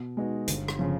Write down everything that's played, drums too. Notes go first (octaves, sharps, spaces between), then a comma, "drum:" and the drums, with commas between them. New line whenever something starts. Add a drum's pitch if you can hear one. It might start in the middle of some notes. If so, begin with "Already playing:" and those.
Already playing: B2
G#3 B3 D#4 F#4
G1, drum: hi-hat
drum: rim click
C#3 F3